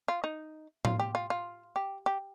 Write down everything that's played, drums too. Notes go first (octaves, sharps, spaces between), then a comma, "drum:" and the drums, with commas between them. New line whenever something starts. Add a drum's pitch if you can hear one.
F4
D#4
F4, drum: tom A2
G4
F4
F4
G4
G4